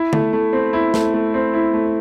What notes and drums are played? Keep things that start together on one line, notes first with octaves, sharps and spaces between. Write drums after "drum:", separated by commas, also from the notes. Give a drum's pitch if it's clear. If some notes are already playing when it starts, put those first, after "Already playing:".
Already playing: E4
A3, drum: tom D3
A3
C4
E4
A3, drum: snare
A3
C4
E4
A3